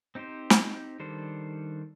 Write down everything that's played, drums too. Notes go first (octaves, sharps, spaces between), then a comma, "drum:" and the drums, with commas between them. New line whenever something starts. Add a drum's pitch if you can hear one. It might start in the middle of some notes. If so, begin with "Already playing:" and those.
C4 D#4 G4 C5
drum: snare
D#3 G3 D4 A4 C5